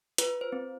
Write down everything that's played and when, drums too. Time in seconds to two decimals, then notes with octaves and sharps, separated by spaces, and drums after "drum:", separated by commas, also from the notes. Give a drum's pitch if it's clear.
0.18 F4 B4, drum: hi-hat
0.41 C5
0.52 C4